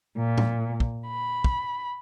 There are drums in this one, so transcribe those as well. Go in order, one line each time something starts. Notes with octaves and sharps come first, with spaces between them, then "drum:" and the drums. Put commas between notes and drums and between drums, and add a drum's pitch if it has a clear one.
A#2
drum: tom A2
drum: kick
B5
drum: kick